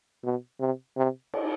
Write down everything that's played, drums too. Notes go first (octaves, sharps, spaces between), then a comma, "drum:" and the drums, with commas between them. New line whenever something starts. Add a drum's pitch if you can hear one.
B2
C3
C3
drum: cymbal